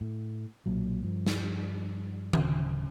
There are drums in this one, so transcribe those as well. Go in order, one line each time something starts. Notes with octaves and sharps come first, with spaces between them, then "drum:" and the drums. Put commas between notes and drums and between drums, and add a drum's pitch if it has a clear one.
A2
B1 A#2 F#3
G2 F3
drum: snare
D1 C#3, drum: tom D#3